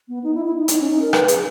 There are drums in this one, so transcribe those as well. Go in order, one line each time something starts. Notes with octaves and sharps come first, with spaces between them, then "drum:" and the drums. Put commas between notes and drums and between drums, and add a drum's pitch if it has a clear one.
B3
D#4
E4
E4
D#4
D#4, drum: hi-hat
C#4
D#4
A#4
B4, drum: rim click
G#4, drum: hi-hat